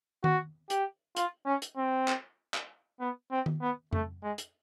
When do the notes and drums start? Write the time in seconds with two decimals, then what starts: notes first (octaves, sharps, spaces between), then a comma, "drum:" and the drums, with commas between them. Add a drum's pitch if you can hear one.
0.24 F#4, drum: tom D#3
0.70 G4, drum: hi-hat
1.16 F4, drum: hi-hat
1.46 C#4
1.62 drum: hi-hat
1.77 C4
2.08 drum: clap
2.54 drum: clap
3.00 B3
3.31 C4
3.46 drum: tom D#3
3.61 B3
3.93 A3, drum: tom F2
4.23 G#3
4.38 drum: hi-hat